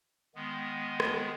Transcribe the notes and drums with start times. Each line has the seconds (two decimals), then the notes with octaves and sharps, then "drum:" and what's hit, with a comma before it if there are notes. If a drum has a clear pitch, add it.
0.35 D#3 G#3 B3
1.00 drum: rim click